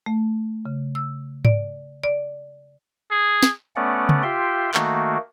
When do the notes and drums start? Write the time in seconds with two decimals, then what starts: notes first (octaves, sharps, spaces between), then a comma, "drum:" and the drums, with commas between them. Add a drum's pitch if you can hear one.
0.06 A3
0.65 C#3
0.95 E6
1.45 D5, drum: tom G#2
2.04 D5
3.11 G#4
3.43 drum: snare
3.76 A3 B3 C#4 D5 F#5
4.09 drum: tom C#3
4.23 F4 G4 E5 G5 C6
4.74 D#3 A3 A#3 F#4, drum: clap